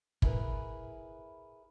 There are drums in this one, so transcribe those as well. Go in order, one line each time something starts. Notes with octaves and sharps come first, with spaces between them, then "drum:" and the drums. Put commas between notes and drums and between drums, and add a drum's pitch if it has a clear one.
E4 G#4 A#4 B4, drum: kick